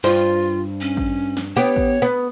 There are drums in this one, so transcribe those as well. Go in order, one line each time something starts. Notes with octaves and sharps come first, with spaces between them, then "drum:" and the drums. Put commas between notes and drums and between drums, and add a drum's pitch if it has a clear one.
G2 F4 C5
C#4
drum: kick A1
drum: snare
B3 G4 C#5
drum: kick A1
B3